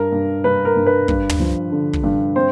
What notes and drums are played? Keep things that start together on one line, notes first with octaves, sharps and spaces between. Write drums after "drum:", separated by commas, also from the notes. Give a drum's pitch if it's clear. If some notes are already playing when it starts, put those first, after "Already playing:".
Already playing: G2 A#4
G2
G2 B4
A#4
G2
B4
G2, drum: kick
drum: tom
F3
D3
drum: kick
G2
C4 C5